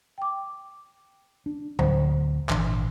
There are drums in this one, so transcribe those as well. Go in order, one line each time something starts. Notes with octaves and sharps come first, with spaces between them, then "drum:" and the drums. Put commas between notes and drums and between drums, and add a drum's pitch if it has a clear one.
G5 D6
D4
D2 F#3 C5, drum: tom
G#1 A#2 E3 D4, drum: clap